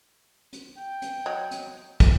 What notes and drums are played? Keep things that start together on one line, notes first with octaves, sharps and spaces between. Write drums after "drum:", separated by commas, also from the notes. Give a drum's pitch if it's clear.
drum: hi-hat
G5
drum: hi-hat
F#3 D#5
drum: hi-hat
drum: kick, hi-hat